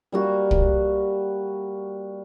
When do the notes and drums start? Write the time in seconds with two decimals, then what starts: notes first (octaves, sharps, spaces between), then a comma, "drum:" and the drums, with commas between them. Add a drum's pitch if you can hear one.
0.12 G3 A#3 F#4
0.51 drum: kick